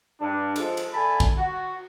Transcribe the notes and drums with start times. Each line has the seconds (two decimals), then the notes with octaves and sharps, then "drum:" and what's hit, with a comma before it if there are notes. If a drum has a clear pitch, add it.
0.20 G2 D4
0.56 F3 G#3 A4, drum: cymbal
0.77 drum: cymbal
0.93 D3 A4 E5 G#5 A5 B5
1.20 drum: kick
1.37 F#4